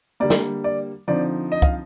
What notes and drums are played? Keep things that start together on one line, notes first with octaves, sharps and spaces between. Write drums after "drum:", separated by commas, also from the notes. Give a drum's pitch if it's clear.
D3 G3 A#3 D5
drum: snare
D5
D3 F3 C4 D#4 D5
D#5
F5, drum: kick